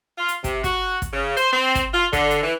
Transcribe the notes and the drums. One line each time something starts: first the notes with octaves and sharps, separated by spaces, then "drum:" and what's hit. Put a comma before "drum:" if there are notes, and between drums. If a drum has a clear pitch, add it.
F4
drum: hi-hat
C3, drum: kick, hi-hat
F#4, drum: kick, hi-hat
drum: kick, hi-hat
C#3
C5, drum: hi-hat
C4
drum: kick, hi-hat
F4
D3, drum: kick, hi-hat
drum: hi-hat
E3